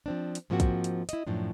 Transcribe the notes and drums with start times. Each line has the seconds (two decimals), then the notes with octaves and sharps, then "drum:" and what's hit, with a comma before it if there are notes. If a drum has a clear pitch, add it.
0.06 F3 C4 D4
0.35 drum: hi-hat
0.50 G#2 F3 A#3 C4 F#4
0.60 drum: kick A#1, hi-hat
0.84 drum: hi-hat
1.09 E4 D#5, drum: hi-hat
1.27 F#2 A2 F3 D4